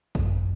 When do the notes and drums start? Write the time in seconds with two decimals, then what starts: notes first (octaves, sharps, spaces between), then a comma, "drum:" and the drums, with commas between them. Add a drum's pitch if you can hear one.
0.15 F#2, drum: kick, tambourine